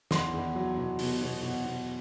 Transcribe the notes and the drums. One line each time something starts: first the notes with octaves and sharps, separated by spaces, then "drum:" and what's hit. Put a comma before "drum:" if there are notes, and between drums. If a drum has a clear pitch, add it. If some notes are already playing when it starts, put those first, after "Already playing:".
E2 C6, drum: snare
E2
F#3
B2
B2, drum: open hi-hat
B2
B2
B2